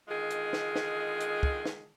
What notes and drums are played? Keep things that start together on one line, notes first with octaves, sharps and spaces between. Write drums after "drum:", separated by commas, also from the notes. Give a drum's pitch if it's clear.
D3 D#3 G#3 F4 G#4
drum: hi-hat
drum: snare
drum: snare
drum: hi-hat
drum: kick
drum: snare